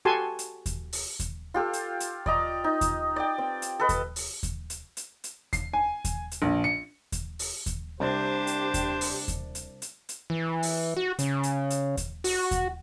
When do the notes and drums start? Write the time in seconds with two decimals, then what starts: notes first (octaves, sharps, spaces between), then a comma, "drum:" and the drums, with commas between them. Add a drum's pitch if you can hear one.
0.05 F#4 G4 A4 G#5 A5 C6
0.39 drum: hi-hat
0.66 drum: kick D#2, hi-hat
0.93 drum: open hi-hat
1.19 drum: kick D#2, hi-hat
1.54 F4 G4 A4
1.73 drum: hi-hat
2.00 drum: hi-hat
2.26 D5 D#5 A#5, drum: kick D#2
2.64 D#4
2.81 drum: kick D#2, hi-hat
3.16 D5 G5
3.38 C4
3.62 drum: hi-hat
3.79 A4 B4 D#5
3.89 drum: kick D#2, hi-hat
4.16 drum: open hi-hat
4.43 drum: kick D#2, hi-hat
4.70 drum: hi-hat
4.97 drum: hi-hat
5.24 drum: hi-hat
5.53 C7, drum: kick D#2, hi-hat
5.73 G#5
6.05 drum: kick D#2, hi-hat
6.31 drum: hi-hat
6.42 A#1
6.64 C#7
7.12 drum: kick D#2, hi-hat
7.39 drum: open hi-hat
7.66 drum: kick D#2, hi-hat
8.00 C2 D4 G4 C5
8.47 drum: hi-hat
8.74 drum: kick D#2, hi-hat
9.01 drum: open hi-hat
9.28 drum: kick D#2, hi-hat
9.55 drum: hi-hat
9.82 drum: hi-hat
10.09 drum: hi-hat
10.30 E3
10.63 drum: open hi-hat
10.97 F#4
11.19 C#3, drum: hi-hat
11.43 drum: hi-hat
11.70 drum: hi-hat
11.97 drum: kick D#2, hi-hat
12.24 F#4, drum: open hi-hat
12.51 drum: kick D#2, hi-hat